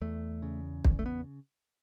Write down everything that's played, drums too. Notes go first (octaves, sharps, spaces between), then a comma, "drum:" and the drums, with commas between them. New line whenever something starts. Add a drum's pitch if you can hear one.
E2 A3
C#3
E2, drum: kick
A3
B3